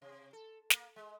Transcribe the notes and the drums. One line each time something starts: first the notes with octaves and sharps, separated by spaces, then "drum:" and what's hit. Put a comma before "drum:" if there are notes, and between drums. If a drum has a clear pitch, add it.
C3
A4
A#3, drum: snare
G#3